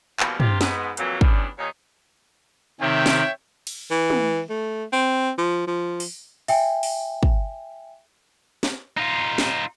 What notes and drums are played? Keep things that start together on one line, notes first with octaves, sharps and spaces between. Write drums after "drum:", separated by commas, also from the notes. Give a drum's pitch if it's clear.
B2 E3 F3 G3 A#3, drum: clap
C3 F4 G4, drum: tom
G#2 B3, drum: snare
F2 A#2 E3 F#3, drum: hi-hat
E2 G2 G3 B3 C#4 D4, drum: kick
D#2 A#2 D#3 D#4 C#5
C3 D#3 C#5 E5 G5
drum: snare
drum: cymbal
E3
drum: tom
A3
C4
F3
F3
drum: open hi-hat
E5 G5 G#5, drum: open hi-hat
drum: open hi-hat
drum: kick
drum: snare
D#4 F4
drum: snare